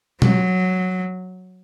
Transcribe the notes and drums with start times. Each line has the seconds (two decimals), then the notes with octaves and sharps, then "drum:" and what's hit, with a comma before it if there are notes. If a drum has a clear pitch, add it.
0.22 F#3, drum: tom B2